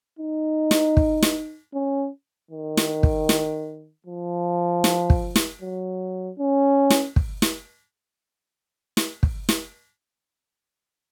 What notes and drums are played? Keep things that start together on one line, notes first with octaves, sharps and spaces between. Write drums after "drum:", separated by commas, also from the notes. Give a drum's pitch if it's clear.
D#4
drum: snare
drum: kick
drum: snare
C#4
D#3
drum: snare
drum: kick
drum: snare
F3
drum: snare
drum: kick
drum: snare
F#3
C#4
drum: snare
drum: kick
drum: snare
drum: snare
drum: kick
drum: snare